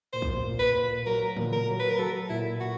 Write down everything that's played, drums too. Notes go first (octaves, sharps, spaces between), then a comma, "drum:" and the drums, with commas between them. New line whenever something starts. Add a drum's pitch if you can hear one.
A#2 C5
drum: kick
A#2
B4
A#2
F#3 A#4
A#2, drum: tom
A#4
F#3
B4
A#4
F#3 A4
A#2 E4
A#2 F#4